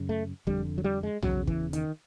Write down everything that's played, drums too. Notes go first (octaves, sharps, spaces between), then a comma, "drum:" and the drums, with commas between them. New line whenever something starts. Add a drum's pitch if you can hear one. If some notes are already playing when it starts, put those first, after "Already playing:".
Already playing: F#2 C#3
A3
F2 D3 G3, drum: kick
F#3
G3
G#3
E2 C#3 F#3, drum: tom B1
E3, drum: kick
D#3, drum: hi-hat